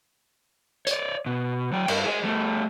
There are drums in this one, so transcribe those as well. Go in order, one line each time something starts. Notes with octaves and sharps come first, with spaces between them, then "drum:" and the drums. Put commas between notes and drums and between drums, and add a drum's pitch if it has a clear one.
C#5 D5, drum: hi-hat
B2
F#3 G5
G2, drum: cymbal
G#4 D#5
G3 A3